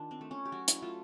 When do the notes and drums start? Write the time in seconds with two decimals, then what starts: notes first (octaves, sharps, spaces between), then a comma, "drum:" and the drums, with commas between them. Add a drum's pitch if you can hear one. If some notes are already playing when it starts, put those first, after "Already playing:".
Already playing: D#3 D4 F4
0.11 C4
0.21 A3
0.31 C#4
0.45 G4
0.52 F#3 F#4
0.68 E4, drum: hi-hat
0.82 A3 F4